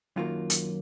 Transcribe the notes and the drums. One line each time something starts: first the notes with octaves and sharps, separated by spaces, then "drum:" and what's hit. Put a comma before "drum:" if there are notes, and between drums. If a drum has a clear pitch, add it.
F#2 D#3 F#3 A#3 F4
drum: hi-hat